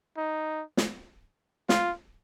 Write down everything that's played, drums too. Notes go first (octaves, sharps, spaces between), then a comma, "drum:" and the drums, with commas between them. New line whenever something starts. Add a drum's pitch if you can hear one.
D#4
drum: snare
F4, drum: snare